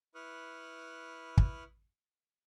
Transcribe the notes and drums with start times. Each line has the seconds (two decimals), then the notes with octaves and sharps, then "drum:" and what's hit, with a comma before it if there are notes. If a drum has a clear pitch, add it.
0.15 E4 B4 C#6 D#6 F6 F#6
1.37 drum: kick